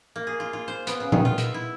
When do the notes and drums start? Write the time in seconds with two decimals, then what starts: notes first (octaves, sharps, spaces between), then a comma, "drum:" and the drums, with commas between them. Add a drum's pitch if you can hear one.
0.16 A#3
0.27 G#4
0.40 F4
0.53 F4
0.68 C5
0.87 B3, drum: hi-hat
1.00 C#3
1.12 D#3, drum: tom A#2
1.25 F4
1.38 E5, drum: hi-hat
1.54 E4